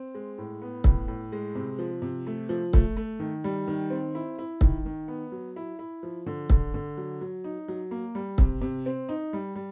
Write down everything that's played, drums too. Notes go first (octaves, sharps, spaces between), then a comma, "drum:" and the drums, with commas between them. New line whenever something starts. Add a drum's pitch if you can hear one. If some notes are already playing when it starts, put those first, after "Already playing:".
Already playing: C4
G#3
A2
B3
A2, drum: kick
A2
G#3
C3
F3
C3
A3
F3
A3, drum: kick
A3
D#3
G3
D#3
C4
E4
E4
D#3, drum: kick
D#3
B3
F#3
E4
E4
F3
D3
D3, drum: kick
D3
F#3
F#3
D#4
F#3
A#3
G3
C3, drum: kick
C3
C4
D#4
G3
G3